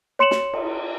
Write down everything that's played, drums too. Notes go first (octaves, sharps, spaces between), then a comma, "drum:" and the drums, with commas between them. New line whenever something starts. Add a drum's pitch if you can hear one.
C#5 C6 C#7 E7 F#7
drum: snare
drum: cymbal